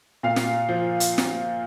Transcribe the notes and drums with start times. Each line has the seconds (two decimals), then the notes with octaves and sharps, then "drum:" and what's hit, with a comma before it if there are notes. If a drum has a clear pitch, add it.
0.23 A#2 F5
0.36 drum: snare
0.69 F3
1.00 drum: hi-hat
1.18 drum: snare